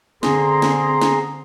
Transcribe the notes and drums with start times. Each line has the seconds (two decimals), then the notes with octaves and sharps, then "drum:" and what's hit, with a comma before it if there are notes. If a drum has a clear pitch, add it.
0.23 D3 C4 G#4 A#5 C6, drum: snare
0.62 drum: snare
1.02 drum: snare